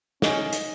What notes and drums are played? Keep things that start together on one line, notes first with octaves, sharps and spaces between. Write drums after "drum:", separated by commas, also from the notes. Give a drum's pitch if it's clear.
C#4 D#4, drum: snare
drum: hi-hat